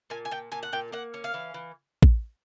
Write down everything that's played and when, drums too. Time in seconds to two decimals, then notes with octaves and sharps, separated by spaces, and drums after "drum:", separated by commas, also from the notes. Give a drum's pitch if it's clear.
0.10 A#2 G#5
0.25 G#5
0.31 A#2 G5
0.52 A#2 G#5
0.63 F#5
0.73 A#2 G5
0.92 A#3 F#5
1.14 C#4
1.24 F5
1.34 E3
1.54 E3
2.03 drum: kick A1